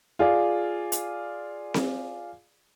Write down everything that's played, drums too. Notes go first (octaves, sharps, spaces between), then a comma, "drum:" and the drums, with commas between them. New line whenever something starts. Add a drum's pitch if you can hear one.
F4 G#4 D5
drum: hi-hat
drum: snare C4